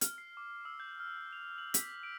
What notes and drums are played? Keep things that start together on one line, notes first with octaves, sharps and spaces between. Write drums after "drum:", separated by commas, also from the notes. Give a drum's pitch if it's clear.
F6, drum: hi-hat
C7
D6
E6
G6
F6
F7
F#7
B6, drum: hi-hat
D7